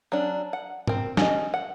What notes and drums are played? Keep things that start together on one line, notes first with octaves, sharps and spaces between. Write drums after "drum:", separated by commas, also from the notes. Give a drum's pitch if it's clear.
F#3 C#4 D4
F#5
C4 A#4, drum: tom
C#4 D#5, drum: snare
F#5